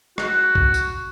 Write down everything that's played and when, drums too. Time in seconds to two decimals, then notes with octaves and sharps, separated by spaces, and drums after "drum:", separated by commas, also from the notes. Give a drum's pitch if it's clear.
0.18 F#4, drum: rim click
0.55 drum: kick A#1
0.74 drum: tambourine